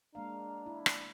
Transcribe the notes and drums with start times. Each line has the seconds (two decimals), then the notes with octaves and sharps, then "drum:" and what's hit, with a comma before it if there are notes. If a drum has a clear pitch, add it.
0.15 G#3 A#3 D4 F5 A#5
0.66 E4
0.86 drum: rim click